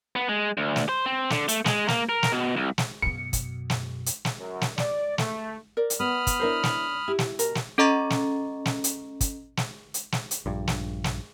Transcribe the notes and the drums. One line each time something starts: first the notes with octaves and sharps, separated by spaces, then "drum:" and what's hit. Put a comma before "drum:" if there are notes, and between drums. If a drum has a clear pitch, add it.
B3
G#3
D2
drum: snare
C5
C4
D3, drum: snare
A3, drum: hi-hat
G#3, drum: snare
A#3, drum: snare
A#4
drum: snare
B2
C2
drum: snare
F#2 B2 C#7
drum: kick, hi-hat
drum: snare
drum: hi-hat
drum: snare
F#2
drum: snare
D5, drum: snare
A3, drum: snare
A#4 D5
drum: hi-hat
B3 B5 D#6 F6
drum: kick, hi-hat
D4 E4 A#4 C5 C#5
drum: snare
E4 G4
drum: snare
B2 A#4, drum: hi-hat
drum: snare
C#4 A4 D#5 A#5 C#6 A6
drum: snare
drum: snare
drum: hi-hat
drum: kick, hi-hat
drum: snare
drum: hi-hat
drum: snare
drum: hi-hat
A#1 G2
drum: snare
drum: snare